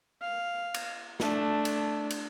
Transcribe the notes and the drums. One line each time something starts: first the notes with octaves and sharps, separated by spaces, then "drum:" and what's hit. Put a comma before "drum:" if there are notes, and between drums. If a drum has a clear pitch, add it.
F5
drum: cymbal
A3 D4, drum: snare
drum: cymbal
drum: cymbal